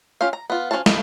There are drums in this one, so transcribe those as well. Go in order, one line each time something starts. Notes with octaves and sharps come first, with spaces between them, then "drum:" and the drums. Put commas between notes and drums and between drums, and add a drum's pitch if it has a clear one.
C#4 F4 G4 F5
A#5
B3 F4
F3 C#4 F#4 F5 A5
D#4, drum: snare